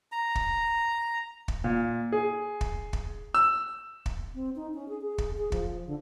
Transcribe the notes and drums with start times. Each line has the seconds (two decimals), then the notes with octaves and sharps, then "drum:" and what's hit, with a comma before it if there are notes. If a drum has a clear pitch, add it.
0.12 A#5
0.35 drum: kick
1.48 drum: kick
1.64 A#2
2.12 G#4
2.61 drum: kick
2.93 drum: kick
3.34 E6
4.06 drum: kick
4.34 C4
4.56 D#4
4.74 C#4
4.89 G#4
5.01 G#4
5.18 drum: kick
5.37 G#4
5.52 F3, drum: kick
5.86 D3